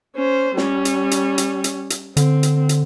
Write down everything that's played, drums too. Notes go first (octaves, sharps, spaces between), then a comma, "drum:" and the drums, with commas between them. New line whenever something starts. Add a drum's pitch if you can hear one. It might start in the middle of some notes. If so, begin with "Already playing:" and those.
C#4 C5
G3 C#4, drum: snare
drum: hi-hat
drum: hi-hat
drum: hi-hat
drum: hi-hat
drum: hi-hat
D3 C4, drum: hi-hat
drum: hi-hat
drum: hi-hat